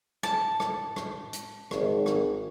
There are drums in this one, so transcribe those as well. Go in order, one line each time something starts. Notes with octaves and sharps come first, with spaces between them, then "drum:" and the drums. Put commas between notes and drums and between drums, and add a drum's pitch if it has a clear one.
A5, drum: rim click
drum: rim click
drum: rim click
drum: hi-hat
G#1, drum: rim click
drum: rim click